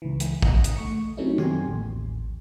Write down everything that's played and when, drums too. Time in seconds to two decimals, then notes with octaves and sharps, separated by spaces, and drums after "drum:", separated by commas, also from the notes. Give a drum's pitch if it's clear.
0.02 C#2 E3
0.20 drum: hi-hat
0.42 D#5 F#5 A#5 D#6, drum: kick
0.64 drum: hi-hat
0.76 A3 C#6 C#7
1.17 C3 F#3 A3 C#4 D#4 E4
1.38 F#2 C3 G4 G#5 C6, drum: tom D#3
1.67 A1 D#2